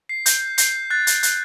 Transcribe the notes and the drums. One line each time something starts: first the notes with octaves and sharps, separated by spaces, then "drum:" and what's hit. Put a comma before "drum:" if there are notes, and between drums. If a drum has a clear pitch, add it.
C7
G6, drum: hi-hat
G6 C7, drum: hi-hat
F#6 A6
drum: hi-hat
F#6, drum: hi-hat